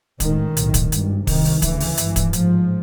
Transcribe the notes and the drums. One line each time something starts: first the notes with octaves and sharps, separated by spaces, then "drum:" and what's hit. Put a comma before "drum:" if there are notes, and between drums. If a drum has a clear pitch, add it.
A1 G#2 D#3, drum: kick, hi-hat
B1 A2, drum: hi-hat
drum: kick, hi-hat
G#1 G2, drum: hi-hat
C2 C3 D#3, drum: kick, open hi-hat
drum: open hi-hat
D2 C#3 E3, drum: kick, hi-hat
drum: open hi-hat
G2, drum: hi-hat
G#1
drum: kick, hi-hat
A1 G#2 F3, drum: hi-hat